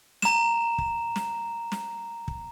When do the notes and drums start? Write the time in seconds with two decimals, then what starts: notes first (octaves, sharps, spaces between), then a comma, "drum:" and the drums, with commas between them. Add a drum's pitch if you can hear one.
0.22 A#5 E7, drum: snare
0.78 drum: kick
1.16 drum: snare
1.72 drum: snare
2.28 drum: kick